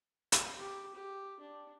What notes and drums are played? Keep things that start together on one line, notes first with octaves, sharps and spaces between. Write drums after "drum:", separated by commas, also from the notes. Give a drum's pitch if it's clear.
drum: hi-hat
G4
G4
D4